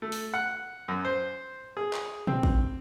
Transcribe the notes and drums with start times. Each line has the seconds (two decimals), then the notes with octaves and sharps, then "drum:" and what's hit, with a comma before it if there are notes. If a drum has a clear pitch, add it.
0.02 A3
0.12 drum: open hi-hat
0.34 F#5
0.88 F#2
1.05 C5
1.77 G#4
1.93 drum: clap
2.27 C4, drum: tom A#2
2.43 drum: kick